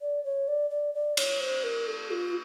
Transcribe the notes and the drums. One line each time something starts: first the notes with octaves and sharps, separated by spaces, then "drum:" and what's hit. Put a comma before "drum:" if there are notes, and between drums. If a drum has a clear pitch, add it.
D5
C#5
D5
D5
D5
C#5, drum: cymbal
C5
A#4
A4
F4